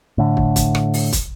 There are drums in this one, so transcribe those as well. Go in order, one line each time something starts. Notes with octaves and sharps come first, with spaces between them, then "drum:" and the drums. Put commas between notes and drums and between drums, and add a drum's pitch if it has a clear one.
A2 D3
drum: kick
drum: kick, hi-hat
drum: rim click
drum: open hi-hat
drum: kick, hi-hat